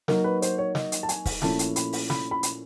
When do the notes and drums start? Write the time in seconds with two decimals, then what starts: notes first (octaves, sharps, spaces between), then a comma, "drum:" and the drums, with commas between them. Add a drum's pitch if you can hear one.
0.08 F#3 A#3 D#4 A#4, drum: snare
0.24 B4
0.42 C5, drum: hi-hat
0.58 C#5
0.75 D#5, drum: snare
0.92 drum: hi-hat
1.03 A5
1.09 G#5, drum: hi-hat
1.25 drum: kick, open hi-hat
1.42 A#2 F3 A3 C#4 E4 A5, drum: snare
1.59 drum: hi-hat
1.76 B5, drum: hi-hat
1.93 drum: open hi-hat
2.10 B5, drum: snare
2.31 B5
2.43 drum: hi-hat